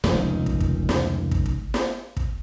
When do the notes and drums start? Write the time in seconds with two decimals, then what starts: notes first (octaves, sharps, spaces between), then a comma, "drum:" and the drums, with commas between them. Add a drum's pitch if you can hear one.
0.04 F1 C#2 D#3, drum: snare
0.46 drum: kick
0.60 drum: kick
0.89 drum: snare
1.31 drum: kick
1.46 drum: kick
1.74 drum: snare
2.17 drum: kick